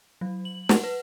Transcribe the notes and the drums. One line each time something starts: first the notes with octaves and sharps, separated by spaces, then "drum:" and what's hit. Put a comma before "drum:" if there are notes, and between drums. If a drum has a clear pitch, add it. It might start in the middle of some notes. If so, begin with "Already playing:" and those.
F#3
F#7
F#5, drum: snare
B4